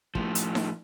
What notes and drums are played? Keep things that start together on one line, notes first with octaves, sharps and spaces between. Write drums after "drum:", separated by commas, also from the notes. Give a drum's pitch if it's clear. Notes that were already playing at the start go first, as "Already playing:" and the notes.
A2 F3, drum: kick
drum: hi-hat
drum: snare D#4